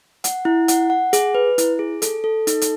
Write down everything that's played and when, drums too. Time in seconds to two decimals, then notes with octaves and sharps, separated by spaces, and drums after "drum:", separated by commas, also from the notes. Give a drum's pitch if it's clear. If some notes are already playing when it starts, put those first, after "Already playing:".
0.24 F#5, drum: hi-hat
0.45 E4
0.68 F#5, drum: hi-hat
0.90 F#5
1.13 G#4, drum: hi-hat
1.35 B4
1.58 E4, drum: hi-hat
1.79 G#4
2.02 A4, drum: hi-hat
2.24 A4
2.47 D#4, drum: hi-hat
2.62 drum: hi-hat